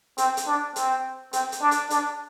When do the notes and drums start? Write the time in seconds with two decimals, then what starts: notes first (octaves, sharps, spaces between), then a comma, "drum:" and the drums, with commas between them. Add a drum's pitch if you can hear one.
0.18 C4, drum: hi-hat
0.37 drum: hi-hat
0.47 D4
0.76 C4, drum: hi-hat
1.33 C4, drum: hi-hat
1.52 drum: hi-hat
1.62 D4
1.71 drum: hi-hat
1.90 D4, drum: hi-hat